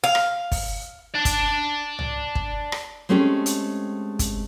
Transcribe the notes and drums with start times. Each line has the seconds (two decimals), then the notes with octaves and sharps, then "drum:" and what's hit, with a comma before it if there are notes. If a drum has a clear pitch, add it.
0.04 F5
0.15 drum: rim click
0.52 drum: kick, open hi-hat
1.15 D5 A5
1.25 drum: kick, hi-hat
1.99 drum: tom C2
2.35 drum: kick
2.72 drum: rim click
3.09 G#3 A3 C4 C#4 G4 G#4
3.46 drum: hi-hat
4.19 drum: kick, hi-hat